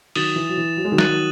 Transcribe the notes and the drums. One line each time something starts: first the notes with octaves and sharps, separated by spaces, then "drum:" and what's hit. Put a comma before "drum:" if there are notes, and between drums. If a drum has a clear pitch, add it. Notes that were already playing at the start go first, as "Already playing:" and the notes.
D#3 F#3 D#6 A6 E7, drum: open hi-hat
E3
F#3
E3
F#3
G#3
D#3 F#3
F#6 A6 D#7 F#7, drum: snare